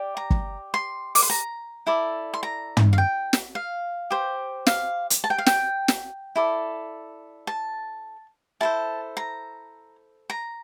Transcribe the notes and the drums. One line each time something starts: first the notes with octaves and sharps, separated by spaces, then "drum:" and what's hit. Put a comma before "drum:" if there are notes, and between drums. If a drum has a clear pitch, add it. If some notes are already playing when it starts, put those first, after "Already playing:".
Already playing: G4 D5
A#5
drum: kick
C6
D6, drum: open hi-hat
C6
A#5
E4 A4 D5
C6
A#5
drum: tom
F5
G5
drum: snare
F5
G4 C5
F5, drum: snare
drum: hi-hat
A5
G5
F5
G5, drum: snare
drum: snare
E4 A4 D5
A5
E4 A4 C5 A5
A#5
A#5